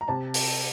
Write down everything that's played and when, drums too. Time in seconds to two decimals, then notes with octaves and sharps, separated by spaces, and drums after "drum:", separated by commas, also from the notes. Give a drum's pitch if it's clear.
0.01 A#5
0.08 C3 A5
0.34 drum: open hi-hat